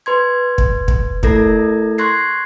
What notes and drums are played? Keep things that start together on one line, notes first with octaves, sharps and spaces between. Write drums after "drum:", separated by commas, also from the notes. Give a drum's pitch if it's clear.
B4 C6 G#6
drum: kick
drum: kick
A3 E4 A4 A#4 G#6 A#6, drum: kick
C6 C#6 F#6 G#6 A#6 C7